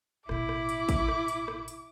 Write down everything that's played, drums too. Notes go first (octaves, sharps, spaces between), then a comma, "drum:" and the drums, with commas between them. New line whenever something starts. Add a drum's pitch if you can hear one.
A1 B2 E4 D6, drum: rim click
drum: rim click
drum: hi-hat
drum: kick, hi-hat
drum: rim click
drum: hi-hat
drum: rim click
drum: hi-hat